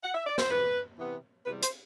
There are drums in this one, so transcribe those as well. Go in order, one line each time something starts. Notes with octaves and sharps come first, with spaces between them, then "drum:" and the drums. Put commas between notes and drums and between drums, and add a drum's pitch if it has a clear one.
F#5
E5
D5
C5, drum: snare
E2 C3 E3 B4
C3 E3 B3
E2 C3 G3 B4
C5, drum: hi-hat